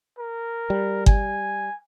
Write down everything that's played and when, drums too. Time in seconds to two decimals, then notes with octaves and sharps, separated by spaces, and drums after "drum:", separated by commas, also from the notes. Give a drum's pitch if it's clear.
0.18 A#4
0.70 G3
1.06 G#5, drum: kick G1